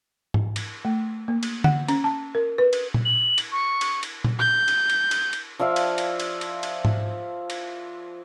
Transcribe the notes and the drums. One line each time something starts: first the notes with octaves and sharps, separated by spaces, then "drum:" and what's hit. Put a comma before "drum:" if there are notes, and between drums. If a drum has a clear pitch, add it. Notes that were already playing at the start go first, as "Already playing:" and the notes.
drum: tom G#2
drum: cymbal
A3
A#3
drum: cymbal
F#5, drum: tom D3
C#4, drum: cymbal
A5
A#4
B4
drum: cymbal
drum: tom A#2
F#7
drum: cymbal
C#6
drum: cymbal
drum: cymbal
drum: tom A#2
G6
drum: cymbal
drum: cymbal
drum: cymbal
drum: cymbal
F3 D5 E5 F5
drum: cymbal
drum: cymbal
drum: cymbal
drum: cymbal
drum: cymbal
drum: tom G#2
drum: cymbal